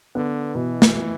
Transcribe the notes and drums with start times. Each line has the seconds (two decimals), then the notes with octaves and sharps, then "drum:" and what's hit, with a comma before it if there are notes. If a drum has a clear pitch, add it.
0.15 D3 B3
0.55 B2 E3
0.82 drum: snare